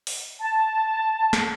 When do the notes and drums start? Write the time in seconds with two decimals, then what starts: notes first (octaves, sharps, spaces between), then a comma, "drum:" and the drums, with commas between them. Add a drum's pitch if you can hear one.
0.07 drum: open hi-hat
0.39 A5
1.33 drum: snare